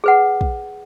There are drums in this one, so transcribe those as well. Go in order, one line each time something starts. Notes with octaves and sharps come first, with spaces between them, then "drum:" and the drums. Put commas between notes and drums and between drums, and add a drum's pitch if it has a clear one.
G#4 B4 F#5
drum: kick